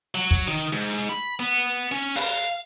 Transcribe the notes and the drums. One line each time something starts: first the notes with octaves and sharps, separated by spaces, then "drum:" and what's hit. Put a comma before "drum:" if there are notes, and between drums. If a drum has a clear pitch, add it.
F#3
drum: kick
D#3
G#2
B5
B3
C#4
F5, drum: open hi-hat